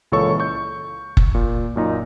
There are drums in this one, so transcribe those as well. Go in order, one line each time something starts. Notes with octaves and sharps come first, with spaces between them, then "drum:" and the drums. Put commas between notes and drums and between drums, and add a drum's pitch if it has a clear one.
C#2 A#2 E3 A4 C#5 C#6
C#6 G6
drum: kick F#1
A#2
F#2 A#2 D#4